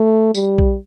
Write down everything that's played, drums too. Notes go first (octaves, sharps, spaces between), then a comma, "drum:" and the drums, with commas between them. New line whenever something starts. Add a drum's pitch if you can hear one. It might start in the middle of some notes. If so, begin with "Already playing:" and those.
Already playing: A3
G3, drum: tambourine
drum: kick A#1